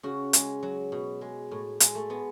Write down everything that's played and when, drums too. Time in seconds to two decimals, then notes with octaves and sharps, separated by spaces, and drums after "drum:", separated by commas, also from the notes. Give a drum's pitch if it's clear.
0.03 C#3 F#4
0.33 G#3, drum: hi-hat
0.63 F#3
0.92 B2
1.21 G#3
1.51 A2
1.80 G#3, drum: hi-hat
1.95 A3
2.10 G#3 B3